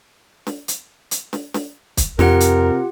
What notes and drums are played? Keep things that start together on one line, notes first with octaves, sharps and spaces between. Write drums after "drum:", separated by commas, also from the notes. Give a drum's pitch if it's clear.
drum: snare
drum: hi-hat
drum: hi-hat
drum: snare
drum: snare
drum: kick, hi-hat
F2 C3 F4 G4 A#4 F#5, drum: snare
drum: hi-hat